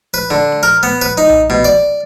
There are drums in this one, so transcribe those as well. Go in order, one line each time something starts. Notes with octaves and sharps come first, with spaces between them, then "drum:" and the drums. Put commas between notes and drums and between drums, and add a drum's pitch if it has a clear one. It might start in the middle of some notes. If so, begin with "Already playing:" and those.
B4
D3
drum: snare
A#4
B3
B4
D#4
drum: tom A#1
B2
D5